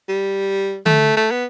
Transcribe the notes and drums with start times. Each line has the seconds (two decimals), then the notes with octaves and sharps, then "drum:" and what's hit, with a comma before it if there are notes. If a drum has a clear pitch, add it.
0.09 G3
0.86 A3, drum: tom D3
1.17 A3
1.31 B3